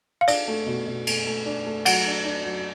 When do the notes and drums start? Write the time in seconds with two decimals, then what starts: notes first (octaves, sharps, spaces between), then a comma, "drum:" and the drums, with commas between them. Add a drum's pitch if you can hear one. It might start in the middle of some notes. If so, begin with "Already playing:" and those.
0.21 F5
0.28 D4 D5, drum: cymbal
0.48 A3
0.67 B2
0.86 B2
1.07 A3, drum: cymbal
1.27 A3
1.45 D4
1.66 A3
1.85 F#3 F#5, drum: cymbal
2.06 D4
2.25 D4
2.44 F#3